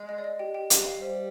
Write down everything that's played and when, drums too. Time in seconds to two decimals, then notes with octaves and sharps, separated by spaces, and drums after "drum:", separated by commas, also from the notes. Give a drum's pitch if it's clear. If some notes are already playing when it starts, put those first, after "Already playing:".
Already playing: G#3
0.09 D#5
0.18 D5
0.24 D#5
0.39 G4 G5
0.54 G4 G5
0.70 G4 G5, drum: hi-hat
0.86 F5
1.01 G3 C5